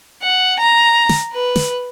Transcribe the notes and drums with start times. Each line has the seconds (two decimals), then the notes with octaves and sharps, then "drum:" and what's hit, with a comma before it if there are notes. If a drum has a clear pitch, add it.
0.22 F#5
0.59 A#5
1.09 drum: snare
1.32 B4
1.56 drum: snare